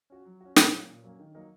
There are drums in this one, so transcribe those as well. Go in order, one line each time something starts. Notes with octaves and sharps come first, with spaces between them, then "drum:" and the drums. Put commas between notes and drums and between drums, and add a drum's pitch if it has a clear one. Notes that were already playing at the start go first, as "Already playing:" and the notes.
C#4 F#4
F#3
C#4 F#4
A#2, drum: snare
F#3 A#3 C#4
A#2
F#3 A#3 C#4
D#3
F#3 A#3 D#4 A#4